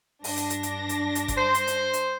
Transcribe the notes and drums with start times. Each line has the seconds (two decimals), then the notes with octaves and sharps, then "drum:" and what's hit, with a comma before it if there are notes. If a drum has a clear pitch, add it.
0.24 G2 D4 A#6, drum: open hi-hat
0.37 drum: hi-hat
0.50 drum: hi-hat
0.63 drum: hi-hat
0.89 drum: hi-hat
1.15 drum: hi-hat
1.28 drum: kick G1, hi-hat
1.37 C5
1.54 drum: hi-hat
1.67 drum: hi-hat
1.93 drum: hi-hat